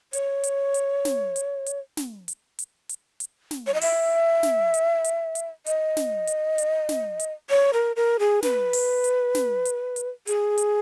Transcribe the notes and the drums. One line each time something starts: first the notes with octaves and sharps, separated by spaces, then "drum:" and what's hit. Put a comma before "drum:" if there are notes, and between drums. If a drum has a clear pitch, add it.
C#5, drum: hi-hat
drum: hi-hat
drum: hi-hat
drum: snare
drum: hi-hat
drum: hi-hat
drum: snare
drum: hi-hat
drum: hi-hat
drum: hi-hat
drum: hi-hat
drum: snare
C#5
D#5
E5, drum: open hi-hat
drum: snare
drum: hi-hat
drum: hi-hat
drum: hi-hat
D#5, drum: hi-hat
drum: snare
drum: hi-hat
drum: hi-hat
drum: snare
drum: hi-hat
C#5
A#4
A#4
G#4
B4, drum: snare
drum: open hi-hat
drum: hi-hat
drum: snare
drum: hi-hat
drum: hi-hat
G#4, drum: hi-hat
drum: hi-hat